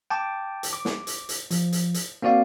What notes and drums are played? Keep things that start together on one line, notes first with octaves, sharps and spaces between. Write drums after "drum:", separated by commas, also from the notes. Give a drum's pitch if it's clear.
G5 A5 D6
drum: hi-hat
D6
drum: snare
drum: hi-hat
drum: hi-hat
F3, drum: hi-hat
drum: hi-hat
drum: hi-hat
A#3 C4 F#4 D5 F5